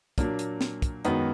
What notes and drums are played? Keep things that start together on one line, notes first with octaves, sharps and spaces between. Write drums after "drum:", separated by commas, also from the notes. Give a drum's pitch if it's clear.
A#2 F#3 A#3 D4, drum: kick, hi-hat
drum: hi-hat
drum: snare
drum: kick, hi-hat
F#2 D#3 G#3 B3, drum: hi-hat